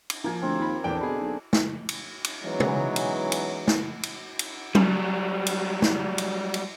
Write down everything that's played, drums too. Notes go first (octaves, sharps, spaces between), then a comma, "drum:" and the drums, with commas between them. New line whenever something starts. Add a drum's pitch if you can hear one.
drum: cymbal
F3 A#3 G#5
D2 C4
D#2 F4 B5
A#1 E2 D3 G5 D6
B2 G#4 B5
B1
drum: snare
drum: cymbal
drum: cymbal
E3 F#3 G#3 B3 C#4 D#4
drum: tom
drum: cymbal
drum: cymbal
drum: snare
drum: cymbal
drum: cymbal
F#3 G3, drum: tom F#3
drum: cymbal
drum: snare
drum: cymbal
drum: cymbal